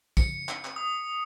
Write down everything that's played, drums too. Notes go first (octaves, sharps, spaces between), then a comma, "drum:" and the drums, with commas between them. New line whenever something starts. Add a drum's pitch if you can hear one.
C#7, drum: kick, tambourine
drum: clap
drum: clap
D#6